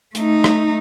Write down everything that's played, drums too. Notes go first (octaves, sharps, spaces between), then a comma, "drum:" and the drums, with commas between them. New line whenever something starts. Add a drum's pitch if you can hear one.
A3 D#4, drum: hi-hat
drum: rim click